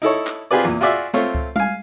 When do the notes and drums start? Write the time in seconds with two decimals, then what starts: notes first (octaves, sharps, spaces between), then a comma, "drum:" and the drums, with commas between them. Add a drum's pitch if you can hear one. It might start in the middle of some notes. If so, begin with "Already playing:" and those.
0.02 D#4 E4 A4 C#5
0.27 drum: clap
0.51 C4 F4 G4 G#4 B4 D5
0.65 E2 A#2
0.81 F4 F#4 G#4 D5 E5
1.14 A3 C4 F4 C#5, drum: snare
1.35 drum: kick C#2
1.56 F5 G#5, drum: tom G3